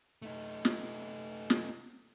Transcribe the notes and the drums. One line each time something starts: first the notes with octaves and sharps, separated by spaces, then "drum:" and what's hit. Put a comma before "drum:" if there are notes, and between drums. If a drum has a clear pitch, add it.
A3 D#4
drum: snare
drum: snare